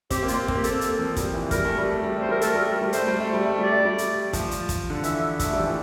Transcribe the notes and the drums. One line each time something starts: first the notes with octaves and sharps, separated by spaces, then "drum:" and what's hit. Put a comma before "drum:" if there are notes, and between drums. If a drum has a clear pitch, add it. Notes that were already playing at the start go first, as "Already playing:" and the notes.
C4 G4, drum: kick, hi-hat
A#3
F4, drum: hi-hat
C4
A#3, drum: kick
C4 G4
A4, drum: hi-hat
drum: hi-hat
F3
G3, drum: kick, hi-hat
E3
G3 A#4, drum: kick, hi-hat
A3
G3
A3
G3
A3 C5
G3 A#4
A3 A4, drum: hi-hat
G3 A#4
A3
G3
A3 C5, drum: hi-hat
G3
A3
G3
A3
G3 D5
A3
G3
drum: hi-hat
F3, drum: kick, hi-hat
drum: hi-hat
drum: kick, hi-hat
D3
E3 E5, drum: hi-hat
A3 E5, drum: kick, hi-hat
G3
F3
E3